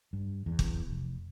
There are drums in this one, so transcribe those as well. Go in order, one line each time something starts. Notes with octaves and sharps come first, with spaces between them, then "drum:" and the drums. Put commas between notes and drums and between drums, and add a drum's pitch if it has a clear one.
G2
E2
drum: kick
F1